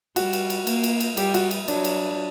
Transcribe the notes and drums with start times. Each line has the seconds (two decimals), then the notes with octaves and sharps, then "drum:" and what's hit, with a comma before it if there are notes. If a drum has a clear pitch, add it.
0.16 G3 F#4, drum: cymbal
0.33 drum: cymbal
0.50 drum: cymbal
0.67 A#3, drum: cymbal
0.83 drum: cymbal
1.00 drum: cymbal
1.17 G3 G4, drum: cymbal
1.34 F#4, drum: cymbal
1.51 drum: cymbal
1.68 F#3 D4, drum: cymbal
1.84 drum: cymbal